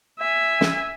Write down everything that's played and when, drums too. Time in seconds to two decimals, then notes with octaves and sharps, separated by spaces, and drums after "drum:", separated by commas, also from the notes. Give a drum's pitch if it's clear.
0.19 E5 G#5
0.61 drum: snare